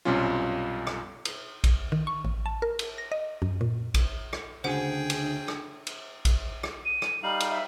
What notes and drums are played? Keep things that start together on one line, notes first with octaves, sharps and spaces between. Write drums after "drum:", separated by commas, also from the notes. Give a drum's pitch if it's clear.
B1 F#2 C3 G3 C#4 F4
drum: rim click
drum: cymbal
drum: kick A#1, cymbal
D#3
C#6
A1
A5
A#4
drum: cymbal
A#6
D#5
F#2
A#2
drum: kick A#1, cymbal
drum: rim click
D2 C#3 D4 G#4 C5 F#5 G5
drum: cymbal
drum: rim click
drum: cymbal
drum: kick A#1, cymbal
drum: rim click
D#7
drum: rim click
G3 D#4 F5 F#7
drum: cymbal
E5